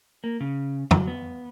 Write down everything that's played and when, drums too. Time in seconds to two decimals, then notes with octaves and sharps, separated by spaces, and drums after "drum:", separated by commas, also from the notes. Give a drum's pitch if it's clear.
0.24 A#3
0.40 C#3
0.91 F#3, drum: tom
1.07 B3